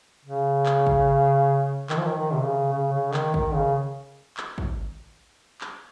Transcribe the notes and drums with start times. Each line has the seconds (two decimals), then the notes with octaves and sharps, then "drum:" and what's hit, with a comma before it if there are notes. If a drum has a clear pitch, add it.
0.25 C#3
0.66 drum: clap
0.87 drum: kick
1.90 D#3, drum: clap
1.97 F3
2.05 D#3
2.18 D#3
2.34 C3
2.44 C#3
2.73 C#3
2.92 C#3
3.14 D#3, drum: clap
3.34 D#3, drum: kick
3.55 C#3
4.37 drum: clap
4.58 drum: kick
5.61 drum: clap